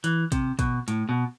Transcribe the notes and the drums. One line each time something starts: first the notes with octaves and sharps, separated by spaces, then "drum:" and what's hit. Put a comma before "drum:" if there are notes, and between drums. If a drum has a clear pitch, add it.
E3, drum: hi-hat
C3, drum: kick, hi-hat
B2, drum: kick, hi-hat
A2, drum: hi-hat
B2